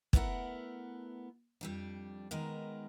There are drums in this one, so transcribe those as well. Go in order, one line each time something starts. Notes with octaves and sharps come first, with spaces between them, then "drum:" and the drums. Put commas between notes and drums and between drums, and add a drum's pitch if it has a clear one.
A3 B3 E4 A#4 F#5, drum: kick
F2 G3 D4
D#3 G#3 B3 A#4